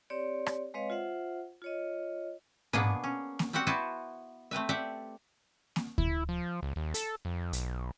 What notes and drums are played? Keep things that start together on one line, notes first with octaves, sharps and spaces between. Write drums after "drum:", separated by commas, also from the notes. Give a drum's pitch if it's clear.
C4 G4 C#5 D5
drum: rim click
G#3 C4 B4 C#5 D#5 F5
F4 C5 E5 F#5
F4 C#5 D#5
B2 A#3 B3 D4 G#4 B4, drum: tom G#2
C#4
drum: snare A#3
G3 C4 F#4 G4 F#5
B3 E4 F#4 B4 C5 A5
A3 C4 B4 E5
G4 D5 E5 F#5
drum: snare A#3
E4, drum: kick D2
F3
C#2
D#2
A4, drum: hi-hat
F2
B1, drum: hi-hat